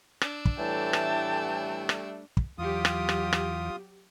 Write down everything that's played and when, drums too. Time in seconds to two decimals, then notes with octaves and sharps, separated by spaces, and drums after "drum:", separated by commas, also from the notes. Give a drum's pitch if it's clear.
0.21 D4 E6, drum: rim click
0.45 drum: kick
0.58 A2 E3 G3 A3 G5 A5
0.93 drum: rim click
1.89 drum: rim click
2.37 drum: kick
2.58 E2 E3 F#3 F4 G4 D#6
2.85 drum: rim click
3.09 drum: rim click
3.33 drum: rim click